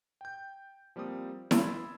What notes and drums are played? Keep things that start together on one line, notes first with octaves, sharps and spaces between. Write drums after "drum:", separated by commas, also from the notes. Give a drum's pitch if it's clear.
G5 G6
F3 G3 A#3 C4 D#6
B5 C6 D#6 E6 G#6 A6, drum: snare E4